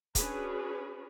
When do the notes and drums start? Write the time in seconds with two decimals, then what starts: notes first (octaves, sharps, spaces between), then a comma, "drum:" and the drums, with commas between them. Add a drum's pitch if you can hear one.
0.15 C#4 D4 F#4 G#4 B4, drum: kick, hi-hat